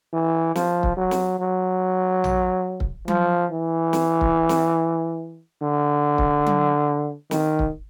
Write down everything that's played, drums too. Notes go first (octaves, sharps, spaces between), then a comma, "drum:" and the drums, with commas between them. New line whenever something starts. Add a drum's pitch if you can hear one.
E3
F3, drum: snare
drum: kick C#1
F#3
drum: snare
F#3
drum: tom A#1
drum: kick C#1
F3, drum: tom F#3
E3
drum: snare
drum: kick C#1
drum: snare
D3
drum: kick C#1
drum: tom F#3
D#3, drum: snare
drum: kick C#1